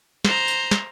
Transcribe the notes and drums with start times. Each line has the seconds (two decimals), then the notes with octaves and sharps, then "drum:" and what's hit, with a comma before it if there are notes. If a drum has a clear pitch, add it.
0.25 C5 A#5, drum: snare
0.48 drum: tambourine
0.71 drum: snare